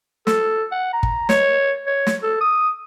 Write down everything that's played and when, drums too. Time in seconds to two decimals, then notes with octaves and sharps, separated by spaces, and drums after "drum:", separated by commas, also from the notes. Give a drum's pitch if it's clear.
0.27 A4, drum: snare
0.72 F#5
0.93 A#5
1.03 drum: kick
1.29 C#5, drum: snare
1.87 C#5
2.07 drum: snare
2.23 A4
2.41 D#6